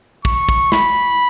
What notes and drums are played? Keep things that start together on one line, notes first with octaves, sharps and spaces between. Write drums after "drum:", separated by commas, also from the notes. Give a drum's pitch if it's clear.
C#6, drum: kick
drum: kick
B5, drum: snare